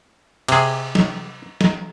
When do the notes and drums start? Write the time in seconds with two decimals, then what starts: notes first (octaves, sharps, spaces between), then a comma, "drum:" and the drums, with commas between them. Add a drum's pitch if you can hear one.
0.48 C3 G#4, drum: cymbal
0.95 drum: snare
1.61 drum: snare